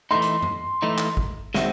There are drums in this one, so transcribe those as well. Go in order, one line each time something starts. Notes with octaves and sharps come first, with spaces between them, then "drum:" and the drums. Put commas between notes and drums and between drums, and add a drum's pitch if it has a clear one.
E3 A3 D#4 C6
drum: hi-hat
drum: tom F#2
E3 A3 D#4
drum: clap
drum: kick G#1
D#3 G#3 C4 F#4 E5, drum: snare